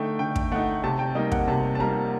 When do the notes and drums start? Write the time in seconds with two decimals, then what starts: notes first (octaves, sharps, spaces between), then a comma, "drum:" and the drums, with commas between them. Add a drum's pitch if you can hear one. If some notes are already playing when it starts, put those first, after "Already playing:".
Already playing: D3 A3 D#4 G5
0.19 D3 G5
0.36 drum: kick
0.52 A3 D#4 F#5
0.84 C3 A5
0.99 G5
1.15 G3 A#3 D#4 D#5
1.32 F#5, drum: kick
1.48 C3 A5
1.75 A5
1.79 G3 A#3 D#4 A#5